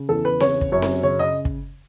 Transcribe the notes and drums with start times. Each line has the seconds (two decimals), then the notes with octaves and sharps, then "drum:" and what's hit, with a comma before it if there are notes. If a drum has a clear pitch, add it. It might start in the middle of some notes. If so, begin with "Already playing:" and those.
Already playing: C#3
0.09 E2 A4
0.25 B4
0.40 C#3 C#5, drum: snare C4
0.61 drum: kick
0.72 F#2 C#5
0.82 drum: snare C4
1.03 C#3 C#5
1.19 D#5
1.45 drum: kick